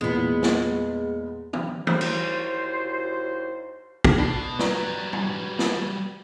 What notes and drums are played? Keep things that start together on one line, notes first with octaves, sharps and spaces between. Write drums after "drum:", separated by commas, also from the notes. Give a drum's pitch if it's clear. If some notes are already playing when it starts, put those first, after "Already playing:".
E2 A#2 G#3 B3
drum: snare
drum: tom
D#2 F#3 E4 F#4 C5, drum: tom E3
drum: cymbal
drum: kick
B2 D4 A5 C7
F#3 G3 B4 D5 A#5, drum: snare
drum: tom
drum: snare